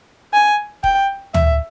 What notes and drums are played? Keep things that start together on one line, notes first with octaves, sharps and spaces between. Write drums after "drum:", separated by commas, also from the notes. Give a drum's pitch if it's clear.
G#5
G5, drum: kick
E5, drum: tom